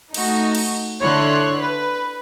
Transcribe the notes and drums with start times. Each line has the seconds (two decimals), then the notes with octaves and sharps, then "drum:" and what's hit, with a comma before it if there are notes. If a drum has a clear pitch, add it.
0.14 A3 D#4 F#4, drum: cymbal
0.55 drum: cymbal
1.02 D3 D4 E4 C#5 C6 F#6
1.61 B4